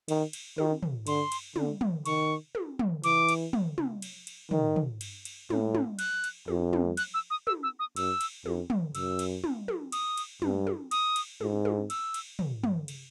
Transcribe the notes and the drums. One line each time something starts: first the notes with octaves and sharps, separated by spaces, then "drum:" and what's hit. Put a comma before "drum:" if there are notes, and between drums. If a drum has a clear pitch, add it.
D#3, drum: cymbal
drum: cymbal
D#3, drum: tom
drum: tom
D3 C6, drum: cymbal
drum: cymbal
D3, drum: tom
drum: tom
D#3 C#6, drum: cymbal
drum: tom
drum: tom
E3 D6, drum: cymbal
drum: cymbal
drum: tom
drum: tom
drum: cymbal
drum: cymbal
D#3, drum: tom
drum: tom
drum: cymbal
drum: cymbal
A2, drum: tom
drum: tom
F#6, drum: cymbal
drum: cymbal
F2, drum: tom
drum: tom
F#6, drum: cymbal
E6
D#6
E6, drum: tom
E6
D#6
F#2 E6, drum: cymbal
drum: cymbal
F2, drum: tom
drum: tom
F#2 E6, drum: cymbal
drum: cymbal
drum: tom
drum: tom
D#6, drum: cymbal
drum: cymbal
G2, drum: tom
drum: tom
D#6, drum: cymbal
drum: cymbal
G#2, drum: tom
drum: tom
E6, drum: cymbal
drum: cymbal
drum: tom
drum: tom
drum: cymbal